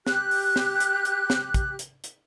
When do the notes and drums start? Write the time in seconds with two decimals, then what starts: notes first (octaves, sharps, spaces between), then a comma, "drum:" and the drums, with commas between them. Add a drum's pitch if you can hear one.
0.07 G4 F#6, drum: snare
0.31 drum: open hi-hat
0.56 drum: snare
0.80 drum: hi-hat
1.05 drum: hi-hat
1.30 drum: snare
1.54 drum: kick, hi-hat
1.79 drum: hi-hat
2.04 drum: hi-hat